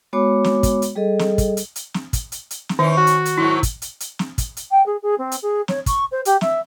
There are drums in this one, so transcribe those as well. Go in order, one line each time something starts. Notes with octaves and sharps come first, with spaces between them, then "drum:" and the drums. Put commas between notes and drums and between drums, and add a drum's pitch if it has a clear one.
G#3 B3 F#4 C#5 B5 D6
drum: snare
drum: kick, hi-hat
drum: hi-hat
G3 G#4 A4 D#5
drum: snare
drum: kick, hi-hat
drum: hi-hat
drum: hi-hat
drum: snare
drum: kick, hi-hat
drum: hi-hat
drum: hi-hat
drum: snare
D#3 E3 C#4 D#4
F#4
drum: hi-hat
drum: hi-hat
G#2 D#3 F#3 E4
drum: kick, hi-hat
drum: hi-hat
drum: hi-hat
drum: snare
drum: kick, hi-hat
drum: hi-hat
G5
G#4
G#4
C4
drum: hi-hat
G#4
C#5, drum: snare
C#6, drum: kick, hi-hat
C5
G4, drum: hi-hat
E5, drum: snare